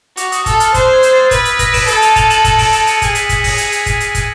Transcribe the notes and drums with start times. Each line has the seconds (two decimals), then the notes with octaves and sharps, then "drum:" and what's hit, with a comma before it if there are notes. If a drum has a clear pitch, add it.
0.17 F#4 D6, drum: hi-hat
0.32 D#6, drum: hi-hat
0.46 A4 E6, drum: kick, hi-hat
0.60 F6, drum: hi-hat
0.74 C5 F#6, drum: kick, hi-hat
0.93 G#6
1.03 drum: hi-hat
1.13 A6
1.31 B4 G#6, drum: kick, hi-hat
1.45 drum: hi-hat
1.59 A#6, drum: kick, hi-hat
1.74 D7 E7, drum: kick, open hi-hat
1.87 A4 D7 E7, drum: hi-hat
2.02 D#7 F7, drum: hi-hat
2.16 D#7 F7, drum: kick, hi-hat
2.30 E7 F#7, drum: hi-hat
2.44 E7 F#7, drum: kick, hi-hat
2.59 D7 E7, drum: kick, open hi-hat
2.73 D7 E7, drum: hi-hat
2.87 C#7 D#7, drum: hi-hat
3.02 G#4, drum: kick, hi-hat
3.15 B6, drum: hi-hat
3.29 B6, drum: kick, hi-hat
3.44 A#6, drum: kick, open hi-hat
3.58 G#6, drum: hi-hat
3.72 drum: hi-hat
3.86 drum: kick, hi-hat
4.00 drum: hi-hat
4.15 drum: kick, hi-hat